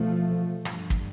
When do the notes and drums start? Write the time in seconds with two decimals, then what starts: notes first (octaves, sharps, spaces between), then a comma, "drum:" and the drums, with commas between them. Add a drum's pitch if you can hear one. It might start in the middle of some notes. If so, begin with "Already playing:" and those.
Already playing: E2 B2 F3 A3
0.65 G2, drum: rim click
0.90 drum: kick